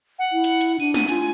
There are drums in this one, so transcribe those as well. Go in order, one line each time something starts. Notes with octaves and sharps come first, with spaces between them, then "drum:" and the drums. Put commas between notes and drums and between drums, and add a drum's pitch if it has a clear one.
F#5
E4
drum: hi-hat
drum: hi-hat
D4 D#7, drum: open hi-hat
D#7, drum: snare
F4 G#5, drum: hi-hat